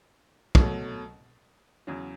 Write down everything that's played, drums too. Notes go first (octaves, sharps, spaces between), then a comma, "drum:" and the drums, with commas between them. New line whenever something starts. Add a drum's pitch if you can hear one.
B2 F#3 A3, drum: kick
E2 C#3 F#3